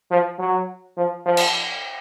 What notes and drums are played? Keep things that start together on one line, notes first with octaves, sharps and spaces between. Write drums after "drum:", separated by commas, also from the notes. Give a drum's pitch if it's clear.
F3
F#3
F3
F3
drum: cymbal